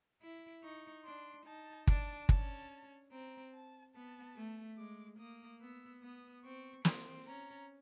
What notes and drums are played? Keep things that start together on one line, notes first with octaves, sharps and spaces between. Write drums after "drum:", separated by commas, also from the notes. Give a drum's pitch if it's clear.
E4
D#4 C#6
D4 C6
D#4 A5
D4 A5, drum: kick G1
C#4 A5, drum: kick G1
C4 A#5
A5
B3 A5
A3
G#3 D6
A#3 D#6
B3 E6
B3 D#6
C4 C#6
C4 C6, drum: snare
C#4 A#5